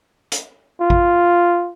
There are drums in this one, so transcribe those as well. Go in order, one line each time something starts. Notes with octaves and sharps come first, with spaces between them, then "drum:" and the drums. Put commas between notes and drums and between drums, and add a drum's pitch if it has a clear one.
drum: hi-hat
F4
drum: kick